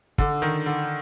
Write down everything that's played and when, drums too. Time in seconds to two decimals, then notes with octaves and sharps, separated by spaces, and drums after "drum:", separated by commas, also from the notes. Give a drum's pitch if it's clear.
0.18 D3, drum: kick
0.42 D#3
0.66 D3